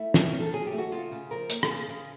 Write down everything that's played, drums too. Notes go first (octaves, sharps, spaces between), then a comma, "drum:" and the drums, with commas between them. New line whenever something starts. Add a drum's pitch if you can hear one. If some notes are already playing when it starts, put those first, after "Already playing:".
Already playing: A3 E4
D#3, drum: snare
C#4
A4
F#3 G#4
G4
A3
F#4
C#3 F4
C#3
F3 A#4
A#3, drum: hi-hat
A4, drum: rim click
C#3 G#4
C#3